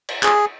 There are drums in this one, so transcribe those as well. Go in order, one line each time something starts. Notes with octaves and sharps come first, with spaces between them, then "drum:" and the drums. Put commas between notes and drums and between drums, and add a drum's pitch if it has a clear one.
drum: cymbal
G#4, drum: clap